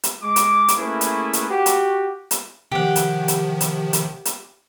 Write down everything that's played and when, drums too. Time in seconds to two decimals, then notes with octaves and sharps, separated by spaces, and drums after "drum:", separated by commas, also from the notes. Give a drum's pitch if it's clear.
0.03 drum: hi-hat
0.22 G#3 D6
0.36 drum: hi-hat
0.68 drum: hi-hat
0.78 A3 A#3 C#4 E4 G#4 B4
1.01 drum: hi-hat
1.33 drum: hi-hat
1.50 F#4 G4
1.66 drum: hi-hat
2.31 drum: hi-hat
2.72 C3 D#3 F3 G4 F#5
2.96 drum: hi-hat
3.28 drum: hi-hat
3.61 drum: hi-hat
3.93 drum: hi-hat
4.25 drum: hi-hat